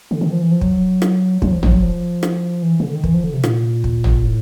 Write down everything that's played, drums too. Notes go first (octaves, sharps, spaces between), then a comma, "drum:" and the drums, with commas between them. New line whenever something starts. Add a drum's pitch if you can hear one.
D3
D#3
F3
E3
F3
F#3, drum: kick
drum: rim click
F#3, drum: kick
F3
F3, drum: tom
F#3
F3
drum: rim click
E3
C#3
D3
D#3
E3, drum: kick
F3
D3
C3
A#2, drum: rim click
drum: kick
drum: tom
A2